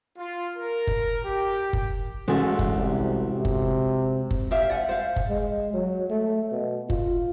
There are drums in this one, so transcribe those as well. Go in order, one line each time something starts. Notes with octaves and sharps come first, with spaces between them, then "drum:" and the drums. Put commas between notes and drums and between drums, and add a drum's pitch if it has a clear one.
F4
A#4
drum: kick F#1
G4
drum: kick F#1
A1 G#3 F#4 A4
drum: kick F#1
C2
C3
drum: kick F#1
drum: kick F#1
G4 C5 E5 F5
D5 E5 F#5 G#5
C5 F5
drum: kick F#1
G#3
F#3
A3
B2
F4, drum: kick F#1